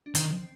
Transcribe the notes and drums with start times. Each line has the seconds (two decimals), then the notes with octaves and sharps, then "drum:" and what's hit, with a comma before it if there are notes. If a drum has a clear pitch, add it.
0.06 D4
0.15 D#3 C4, drum: hi-hat